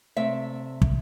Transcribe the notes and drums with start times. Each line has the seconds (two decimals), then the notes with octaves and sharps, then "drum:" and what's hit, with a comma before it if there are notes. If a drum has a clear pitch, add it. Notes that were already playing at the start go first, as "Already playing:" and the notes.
0.16 C3 A3 D5 E5
0.82 drum: kick